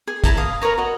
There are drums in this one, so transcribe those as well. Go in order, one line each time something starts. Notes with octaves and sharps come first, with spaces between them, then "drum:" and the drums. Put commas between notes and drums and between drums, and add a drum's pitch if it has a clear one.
G#4
E4 G#4 A5 A#5, drum: kick, hi-hat
F5 D#6
A#4 B4 C#5 A#5
F#4 D#5